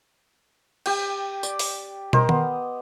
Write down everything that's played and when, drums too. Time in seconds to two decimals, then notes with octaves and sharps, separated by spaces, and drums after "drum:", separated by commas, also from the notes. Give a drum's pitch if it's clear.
0.86 G4 G5, drum: cymbal
1.43 D5, drum: tambourine
1.59 drum: open hi-hat
2.13 A#4 C5 D#5, drum: tom
2.29 B3, drum: tom D#3